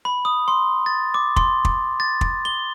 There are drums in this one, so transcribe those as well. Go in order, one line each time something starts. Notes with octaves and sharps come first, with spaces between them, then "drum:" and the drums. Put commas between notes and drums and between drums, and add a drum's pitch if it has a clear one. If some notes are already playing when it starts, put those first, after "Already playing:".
B5
D#6
C6
A6
D6
C6, drum: kick
drum: kick
A6
drum: kick
G7